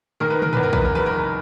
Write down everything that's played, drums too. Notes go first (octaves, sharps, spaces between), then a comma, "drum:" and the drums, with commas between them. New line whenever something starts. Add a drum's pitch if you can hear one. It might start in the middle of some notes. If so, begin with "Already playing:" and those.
D#3 A#4
B4
A#4, drum: tom
E2 B4
A#4
B4, drum: kick
A#4
F#1 B4
A#4